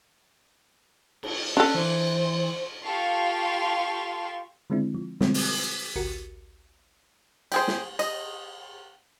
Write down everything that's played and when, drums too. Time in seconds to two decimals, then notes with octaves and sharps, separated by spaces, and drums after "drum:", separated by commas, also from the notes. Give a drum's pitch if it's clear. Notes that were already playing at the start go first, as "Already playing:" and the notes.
1.23 drum: cymbal
1.57 C#4 D4 A4
1.74 E3 C5
2.85 F4 G4 A4 F5 C6 C#6
4.70 D3 D#3 G#3 C4 D4 E4
4.94 F3
5.21 B2 D3 F3 G3 G#3 C4, drum: snare
5.34 drum: open hi-hat
5.96 A1 D2 F#4 G4 A#4 C#7
7.52 G4 G#4 C5, drum: cymbal
7.68 drum: snare
7.99 D#5, drum: cymbal